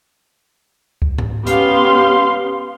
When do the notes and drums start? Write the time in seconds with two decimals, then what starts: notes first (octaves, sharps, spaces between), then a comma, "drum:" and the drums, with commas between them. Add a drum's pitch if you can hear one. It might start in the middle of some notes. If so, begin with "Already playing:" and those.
1.02 drum: kick C#2
1.18 drum: tom G#2
1.47 B3 C#4 G4 F5 C6, drum: hi-hat